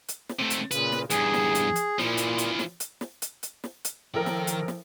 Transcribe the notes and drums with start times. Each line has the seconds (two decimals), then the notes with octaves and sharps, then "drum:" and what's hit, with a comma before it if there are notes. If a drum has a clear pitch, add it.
0.08 drum: hi-hat
0.29 drum: snare
0.39 C3 A3
0.50 drum: hi-hat
0.71 A#2 C#3 B4, drum: hi-hat
0.92 drum: snare
1.10 E2 G2 G#4, drum: hi-hat
1.34 drum: snare
1.55 drum: hi-hat
1.76 drum: hi-hat
1.99 A#2 E3 F3, drum: snare
2.17 drum: hi-hat
2.38 drum: hi-hat
2.59 drum: snare
2.80 drum: hi-hat
3.01 drum: snare
3.22 drum: hi-hat
3.43 drum: hi-hat
3.64 drum: snare
3.84 drum: hi-hat
4.14 A1 D#3 F3 A4 A#4 G5
4.26 drum: snare
4.47 drum: hi-hat
4.68 drum: snare